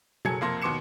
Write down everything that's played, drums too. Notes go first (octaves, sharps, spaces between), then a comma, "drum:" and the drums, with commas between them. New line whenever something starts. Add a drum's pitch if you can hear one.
F#1 F#3 G#4 A4 G#6 C#7, drum: tom B2
F2 C3 A#3 A5 C6 A#6
D#2 B2 C6 D6 C#7 E7